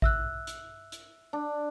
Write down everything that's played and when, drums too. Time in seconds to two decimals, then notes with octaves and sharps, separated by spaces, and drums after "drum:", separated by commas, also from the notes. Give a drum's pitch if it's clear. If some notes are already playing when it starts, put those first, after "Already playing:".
0.02 E5 E6 F#6, drum: kick A1
0.47 drum: hi-hat
0.92 drum: hi-hat
1.33 D4